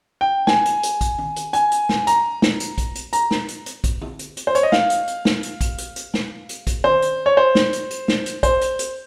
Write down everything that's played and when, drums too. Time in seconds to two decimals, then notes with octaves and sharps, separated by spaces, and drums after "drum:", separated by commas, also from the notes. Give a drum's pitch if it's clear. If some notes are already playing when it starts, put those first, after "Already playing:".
0.21 G5
0.47 G#5, drum: snare
0.65 drum: hi-hat
0.83 drum: hi-hat
1.01 drum: kick, hi-hat
1.19 drum: tom
1.36 drum: hi-hat
1.53 G#5, drum: hi-hat
1.72 drum: hi-hat
1.89 drum: snare
2.07 A#5, drum: hi-hat
2.42 drum: snare
2.60 drum: hi-hat
2.78 drum: kick, hi-hat
2.95 drum: hi-hat
3.13 A#5, drum: hi-hat
3.31 drum: snare
3.48 drum: hi-hat
3.66 drum: hi-hat
3.84 drum: kick, hi-hat
4.01 drum: tom
4.19 drum: hi-hat
4.37 drum: hi-hat
4.47 C5
4.55 C#5, drum: hi-hat
4.63 D#5
4.72 F5, drum: snare
4.90 drum: hi-hat
5.08 drum: hi-hat
5.25 drum: snare
5.43 drum: hi-hat
5.61 drum: kick, hi-hat
5.78 drum: hi-hat
5.96 drum: hi-hat
6.14 drum: snare
6.49 drum: hi-hat
6.67 drum: kick, hi-hat
6.84 C5, drum: tom
7.02 drum: hi-hat
7.26 C#5
7.37 C5
7.55 drum: snare
7.73 drum: hi-hat
7.91 drum: hi-hat
8.08 drum: snare
8.26 drum: hi-hat
8.43 C5, drum: kick, hi-hat
8.61 drum: hi-hat
8.79 drum: hi-hat